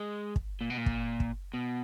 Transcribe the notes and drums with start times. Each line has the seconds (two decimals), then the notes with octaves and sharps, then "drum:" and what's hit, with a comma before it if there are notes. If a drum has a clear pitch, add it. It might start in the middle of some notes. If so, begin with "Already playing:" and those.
Already playing: G#3
0.36 drum: kick
0.61 A#2
0.70 B2
0.77 A#2
0.86 drum: kick
1.20 drum: kick
1.54 B2